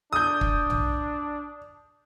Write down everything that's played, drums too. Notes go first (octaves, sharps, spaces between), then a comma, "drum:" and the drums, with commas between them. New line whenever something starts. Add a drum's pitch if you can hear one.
D4 D#6 G6
drum: kick
drum: tom A#1